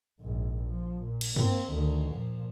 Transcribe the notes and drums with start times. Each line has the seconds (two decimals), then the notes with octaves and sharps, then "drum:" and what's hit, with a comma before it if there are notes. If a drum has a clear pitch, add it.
0.20 A#1 G#2
0.68 F3
1.04 A#2
1.21 drum: cymbal
1.36 A#3 C4, drum: tom G2
1.71 D2 D#3
2.12 A#2 F3